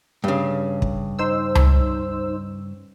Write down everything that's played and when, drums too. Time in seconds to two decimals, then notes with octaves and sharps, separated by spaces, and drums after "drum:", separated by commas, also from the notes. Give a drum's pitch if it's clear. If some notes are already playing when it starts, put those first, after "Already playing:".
0.24 G2 C#3
0.82 drum: kick
1.19 D#4 C5 E6
1.55 drum: tom C#2